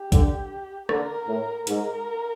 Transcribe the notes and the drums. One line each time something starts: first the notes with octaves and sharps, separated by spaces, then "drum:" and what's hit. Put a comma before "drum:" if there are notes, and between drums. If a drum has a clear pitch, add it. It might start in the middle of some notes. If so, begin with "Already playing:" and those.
Already playing: G4
D3, drum: kick, hi-hat
D3 A#4, drum: rim click
A2
G#2 A#4, drum: hi-hat